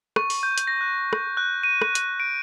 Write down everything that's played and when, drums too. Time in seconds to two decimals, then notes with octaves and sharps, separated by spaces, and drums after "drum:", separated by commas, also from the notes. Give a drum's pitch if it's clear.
0.16 C#6, drum: rim click
0.30 drum: open hi-hat
0.43 G6
0.58 drum: hi-hat
0.67 A#6
0.81 F#6
1.13 drum: rim click
1.37 F#6
1.63 D#7
1.82 drum: rim click
1.95 drum: hi-hat
2.20 D7